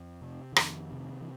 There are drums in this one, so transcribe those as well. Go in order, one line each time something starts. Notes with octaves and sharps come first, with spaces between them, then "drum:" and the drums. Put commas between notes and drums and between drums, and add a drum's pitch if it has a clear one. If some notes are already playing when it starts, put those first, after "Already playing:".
Already playing: F2
C3
D3
F2 D#3, drum: rim click
C3
E3